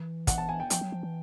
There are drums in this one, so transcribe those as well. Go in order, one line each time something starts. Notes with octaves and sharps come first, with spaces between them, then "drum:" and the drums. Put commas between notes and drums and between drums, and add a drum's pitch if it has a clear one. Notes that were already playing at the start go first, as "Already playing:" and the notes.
Already playing: E3
F#5, drum: kick, hi-hat
A5
G#5
G5
F3 G5, drum: hi-hat
F#3
F3
E3